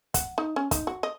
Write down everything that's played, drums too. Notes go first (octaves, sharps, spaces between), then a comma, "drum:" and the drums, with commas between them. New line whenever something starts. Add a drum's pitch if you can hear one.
F#5, drum: kick, hi-hat
D#4
C#4
D#4, drum: kick, hi-hat
F#4
D#5